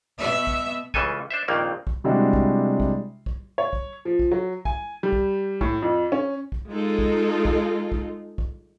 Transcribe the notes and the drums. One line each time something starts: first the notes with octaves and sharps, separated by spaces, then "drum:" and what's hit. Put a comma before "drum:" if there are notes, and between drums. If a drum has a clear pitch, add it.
B2 B3 E5
drum: kick
C#2 C#3 E3 A4 G#5, drum: kick
D4 C5 E5
A#1 F2 D#3 A#3
drum: kick
C3 G3 G#3 D4 E4 F#4
drum: kick
drum: kick
drum: kick
C#5
drum: kick
F3
drum: kick
F#3
G#5, drum: kick
G3
drum: kick
A2, drum: kick
F2
C#4
drum: kick
G#3 D#4 F4 A4
drum: kick
drum: kick
drum: kick
drum: kick